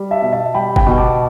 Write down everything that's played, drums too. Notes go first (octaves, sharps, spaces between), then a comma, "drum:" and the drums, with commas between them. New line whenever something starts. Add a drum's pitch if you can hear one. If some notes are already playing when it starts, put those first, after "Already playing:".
Already playing: G3
E5 A5
B2
E5 A5
G3 G5 B5
G5 B5, drum: kick F#1
B2
A5 D6